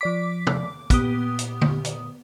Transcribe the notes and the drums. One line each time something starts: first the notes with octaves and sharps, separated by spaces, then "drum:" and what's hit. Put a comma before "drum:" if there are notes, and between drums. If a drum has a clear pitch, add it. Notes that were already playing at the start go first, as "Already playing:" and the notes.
F3 D5 D6 B6
drum: tom
A#2 B3 G4 D#6, drum: kick, hi-hat
drum: hi-hat
drum: tom D3
drum: hi-hat